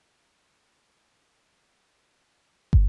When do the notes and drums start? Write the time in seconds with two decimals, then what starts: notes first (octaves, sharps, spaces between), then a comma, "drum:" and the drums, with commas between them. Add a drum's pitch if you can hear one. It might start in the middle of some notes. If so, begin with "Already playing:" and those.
1.23 F4 G#4 G#5 A#5
1.54 C#5
1.79 C4
1.96 C4 C#4
2.21 E5
2.73 drum: kick